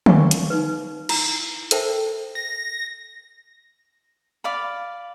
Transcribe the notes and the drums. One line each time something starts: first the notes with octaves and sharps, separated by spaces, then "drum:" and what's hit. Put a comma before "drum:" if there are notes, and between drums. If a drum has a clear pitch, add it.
F5 G#5 C#6 D6, drum: tom
drum: hi-hat
D#4 B4
E4 A#5, drum: cymbal
A4 A#4 C5 E5 G5 A5, drum: hi-hat
A#6
D5 F5 B5